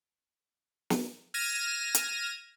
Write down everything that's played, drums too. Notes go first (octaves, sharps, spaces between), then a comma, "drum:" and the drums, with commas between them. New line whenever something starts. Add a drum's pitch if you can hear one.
drum: snare
F6 G#6 A#6 D#7 E7
drum: hi-hat